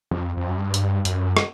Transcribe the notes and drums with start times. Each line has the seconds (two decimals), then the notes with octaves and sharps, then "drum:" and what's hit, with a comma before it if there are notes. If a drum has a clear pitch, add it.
0.11 F2
0.37 F2
0.48 F#2
0.58 G2
0.74 drum: hi-hat
1.05 F#2, drum: hi-hat
1.37 drum: rim click